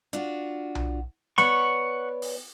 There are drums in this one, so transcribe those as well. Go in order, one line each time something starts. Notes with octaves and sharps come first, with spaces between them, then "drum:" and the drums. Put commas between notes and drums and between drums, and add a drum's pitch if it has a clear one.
D4 F4 F#4, drum: hi-hat
drum: tom B1
B3 C#5 D5 F#5 B5 C#6, drum: snare
drum: open hi-hat